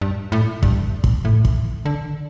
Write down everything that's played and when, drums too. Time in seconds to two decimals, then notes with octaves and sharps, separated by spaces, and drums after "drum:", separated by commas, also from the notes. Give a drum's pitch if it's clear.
0.01 G2
0.32 A2
0.63 G2, drum: kick
1.04 drum: kick
1.25 A2
1.45 drum: kick
1.86 D3